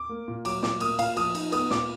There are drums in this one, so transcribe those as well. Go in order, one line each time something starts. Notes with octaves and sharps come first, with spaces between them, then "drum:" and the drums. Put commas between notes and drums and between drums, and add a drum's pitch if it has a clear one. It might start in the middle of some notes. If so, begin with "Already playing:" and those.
Already playing: D6
A#3
A#2
F#3 D6, drum: cymbal
A#2 D6, drum: snare
A#3 D#6, drum: cymbal
A#2 F5, drum: cymbal
F3 D#6, drum: cymbal
D#4, drum: cymbal
B3 D#6, drum: cymbal
A#2 D6, drum: snare